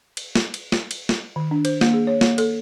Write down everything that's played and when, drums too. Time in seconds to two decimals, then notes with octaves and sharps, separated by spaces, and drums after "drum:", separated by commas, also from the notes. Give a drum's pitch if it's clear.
0.17 drum: cymbal
0.35 drum: snare
0.54 drum: cymbal
0.72 drum: snare
0.91 drum: cymbal
1.09 drum: snare
1.36 D#3
1.51 D4
1.65 C5, drum: cymbal
1.81 A#3, drum: snare
1.94 G#4
2.07 C#5
2.21 A#3, drum: snare
2.38 A4, drum: cymbal